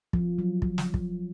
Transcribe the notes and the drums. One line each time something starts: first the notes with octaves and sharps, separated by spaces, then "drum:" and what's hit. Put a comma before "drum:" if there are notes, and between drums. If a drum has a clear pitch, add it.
F3, drum: kick
F#3
drum: kick
drum: snare
drum: kick